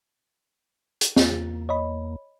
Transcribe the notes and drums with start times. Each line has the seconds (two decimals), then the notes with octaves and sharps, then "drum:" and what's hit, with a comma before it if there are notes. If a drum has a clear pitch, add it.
1.01 drum: hi-hat
1.16 E2 A#3 F4 A6, drum: snare
1.69 C#5 D#5 B5